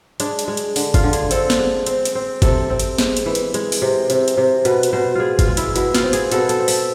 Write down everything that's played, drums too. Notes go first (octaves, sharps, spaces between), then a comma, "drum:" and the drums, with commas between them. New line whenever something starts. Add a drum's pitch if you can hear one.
G#3 D4, drum: hi-hat
drum: hi-hat
G#3
drum: hi-hat
D3, drum: open hi-hat
F4, drum: kick G1, hi-hat
D3
G#4, drum: hi-hat
C4 A4, drum: hi-hat
drum: snare
G#3
C4, drum: hi-hat
drum: hi-hat
C4
C3 A4, drum: kick G1, hi-hat
C4
drum: hi-hat
G#3, drum: snare
drum: hi-hat
E3
drum: hi-hat
G#3, drum: hi-hat
drum: open hi-hat
C3
C3, drum: hi-hat
drum: hi-hat
C3
B2 B4, drum: hi-hat
drum: hi-hat
B2 C5
G#3 F4 G#4
F4, drum: kick G1, hi-hat
G#3
E4, drum: hi-hat
B2 E4, drum: hi-hat
F4, drum: snare
C4
G#4, drum: hi-hat
B2 A4, drum: hi-hat
A4, drum: hi-hat
C4
E5, drum: open hi-hat